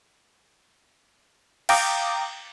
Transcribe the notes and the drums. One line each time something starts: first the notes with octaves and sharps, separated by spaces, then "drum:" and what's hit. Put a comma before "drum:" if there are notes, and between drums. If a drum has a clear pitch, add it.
F5 G5 A#5 D6 D#6, drum: cymbal